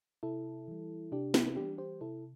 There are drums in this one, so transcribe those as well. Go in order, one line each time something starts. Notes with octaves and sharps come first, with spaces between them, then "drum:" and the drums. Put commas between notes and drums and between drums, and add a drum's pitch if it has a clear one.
C3 E4 A4
E3 G3
C3 D4 G4
C4 E4, drum: snare
E3 G3 D4 G4
G4 C5
C3 E4 A4